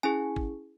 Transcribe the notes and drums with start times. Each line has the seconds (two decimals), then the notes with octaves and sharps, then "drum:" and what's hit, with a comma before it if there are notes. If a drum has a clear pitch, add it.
0.03 C#4 E4 G#4 G#5
0.36 drum: kick G#1